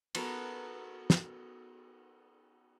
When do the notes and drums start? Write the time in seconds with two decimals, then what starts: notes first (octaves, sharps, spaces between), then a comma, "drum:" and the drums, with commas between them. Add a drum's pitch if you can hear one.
0.15 B3 F#4 A4 A#4, drum: cymbal
1.10 drum: snare